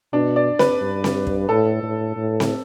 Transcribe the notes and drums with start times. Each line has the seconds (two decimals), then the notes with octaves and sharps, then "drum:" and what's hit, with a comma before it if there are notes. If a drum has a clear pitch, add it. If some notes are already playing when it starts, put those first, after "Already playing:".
0.13 B2 D4
0.36 D5
0.59 B4, drum: snare C4
0.82 G2
1.04 drum: snare C4
1.27 drum: kick
1.49 A2 A4
1.83 A2
2.17 A2
2.40 drum: snare C4